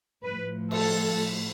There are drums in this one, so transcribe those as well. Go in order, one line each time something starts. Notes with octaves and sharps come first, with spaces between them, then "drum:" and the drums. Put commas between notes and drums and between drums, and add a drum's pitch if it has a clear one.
A2 F3 A3 B4
A4, drum: cymbal